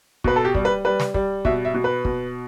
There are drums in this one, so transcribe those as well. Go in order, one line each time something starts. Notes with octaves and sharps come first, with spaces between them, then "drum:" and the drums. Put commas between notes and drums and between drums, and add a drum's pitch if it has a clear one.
B2 B4, drum: kick
A4
G4
G3, drum: kick
B4
G3 B4
drum: snare
G3, drum: kick
B2 E5, drum: kick
E5
B2
B4
B2, drum: kick